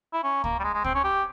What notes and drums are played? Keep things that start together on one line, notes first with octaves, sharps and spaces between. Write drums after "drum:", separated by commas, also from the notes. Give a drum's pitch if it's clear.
E4
C#4
A#3, drum: kick
G3
G#3
G#3
C4, drum: kick
C#4
G4